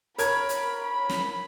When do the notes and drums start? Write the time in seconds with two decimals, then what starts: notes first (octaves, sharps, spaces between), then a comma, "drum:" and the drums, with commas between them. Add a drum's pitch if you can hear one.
0.18 A#4 C#5 B5 G#6, drum: hi-hat
0.49 drum: hi-hat
0.84 B5
1.09 drum: snare